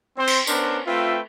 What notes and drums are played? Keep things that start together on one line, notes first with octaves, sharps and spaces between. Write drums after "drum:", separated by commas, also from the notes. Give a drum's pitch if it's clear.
C4 C5
drum: cymbal
B3 C#4 D4 A#4 C5, drum: tambourine
A3 C4 F4 B4 E5 G5